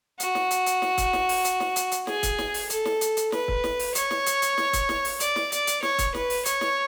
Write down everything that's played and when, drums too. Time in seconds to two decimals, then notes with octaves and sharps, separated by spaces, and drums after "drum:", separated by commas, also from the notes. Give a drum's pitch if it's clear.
0.20 F#4, drum: hi-hat
0.35 drum: snare
0.51 drum: hi-hat
0.66 drum: hi-hat
0.82 drum: snare
0.98 drum: kick, hi-hat
1.13 drum: snare
1.29 drum: open hi-hat
1.45 drum: hi-hat
1.60 drum: snare
1.76 drum: hi-hat
1.91 drum: hi-hat
2.07 G#4, drum: snare
2.23 drum: kick, hi-hat
2.38 drum: snare
2.54 drum: open hi-hat
2.70 A4, drum: hi-hat
2.85 drum: snare
3.01 drum: hi-hat
3.17 drum: hi-hat
3.32 B4, drum: snare
3.48 drum: kick
3.64 drum: snare
3.79 drum: open hi-hat
3.95 C#5, drum: hi-hat
4.11 drum: snare
4.26 drum: hi-hat
4.42 drum: hi-hat
4.58 drum: snare
4.73 drum: kick, hi-hat
4.89 drum: snare
5.05 drum: open hi-hat
5.20 D5, drum: hi-hat
5.36 drum: snare
5.52 D5, drum: hi-hat
5.67 drum: hi-hat
5.82 C#5, drum: snare
5.98 drum: kick, hi-hat
6.14 B4, drum: snare
6.30 drum: open hi-hat
6.45 C#5, drum: hi-hat
6.61 drum: snare